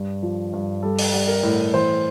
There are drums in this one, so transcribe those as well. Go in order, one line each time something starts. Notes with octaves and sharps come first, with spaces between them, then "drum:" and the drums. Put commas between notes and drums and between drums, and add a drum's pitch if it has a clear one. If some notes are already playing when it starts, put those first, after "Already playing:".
Already playing: G2
F3
G2
G3 A4
drum: open hi-hat
G3
A#4
A2
E3 C5